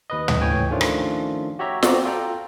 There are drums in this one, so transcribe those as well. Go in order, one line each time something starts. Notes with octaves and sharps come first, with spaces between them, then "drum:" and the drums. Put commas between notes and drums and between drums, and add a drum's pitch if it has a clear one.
D#2 B4 D#5
drum: tom
C#2 A2 E3 C#5 G5 G#5
D#3 F3 A3 C#4 D4 F4
drum: rim click
F#4 G4 C#5 E5 A#5
C4 F4 F#4 D5 A#5, drum: snare
F4 A4 G5 A#5